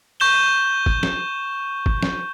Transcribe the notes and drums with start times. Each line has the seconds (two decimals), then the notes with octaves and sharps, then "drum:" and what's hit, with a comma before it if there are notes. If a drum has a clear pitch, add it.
0.20 C#6 G6 E7 G7
0.86 drum: kick
1.03 drum: snare
1.86 drum: kick
2.03 drum: snare